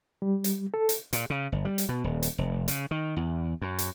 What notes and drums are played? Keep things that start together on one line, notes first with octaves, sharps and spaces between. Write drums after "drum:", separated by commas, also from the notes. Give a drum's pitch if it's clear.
G3
drum: hi-hat
A4
drum: hi-hat
A#2, drum: hi-hat
C#3
G1
G3
drum: hi-hat
B2
D#1
drum: hi-hat
F1
C#3, drum: hi-hat
D#3
E2
F#2
drum: hi-hat